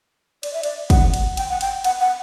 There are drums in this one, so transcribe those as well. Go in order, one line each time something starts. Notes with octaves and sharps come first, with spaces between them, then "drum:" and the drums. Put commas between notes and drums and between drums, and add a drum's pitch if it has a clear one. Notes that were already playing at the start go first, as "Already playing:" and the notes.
D5, drum: cymbal
E5
D5, drum: cymbal
F#5, drum: kick, cymbal
drum: cymbal
G5, drum: cymbal
F#5
G5, drum: cymbal
F#5, drum: cymbal
F#5